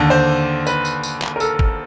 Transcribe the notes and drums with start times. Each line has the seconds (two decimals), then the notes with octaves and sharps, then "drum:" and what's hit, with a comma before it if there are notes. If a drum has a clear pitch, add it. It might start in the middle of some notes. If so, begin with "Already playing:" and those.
Already playing: D#2 D3
0.10 C5
0.67 B4, drum: tambourine
0.85 drum: tambourine
1.03 drum: tambourine
1.22 drum: clap
1.36 A#4
1.40 A4, drum: tambourine
1.59 drum: kick